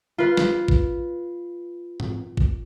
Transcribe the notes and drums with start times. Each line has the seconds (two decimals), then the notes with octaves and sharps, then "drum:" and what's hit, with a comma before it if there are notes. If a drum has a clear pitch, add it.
0.18 F4 B4
0.37 drum: snare
0.68 drum: kick G#1
2.00 drum: tom G#2
2.37 drum: kick G#1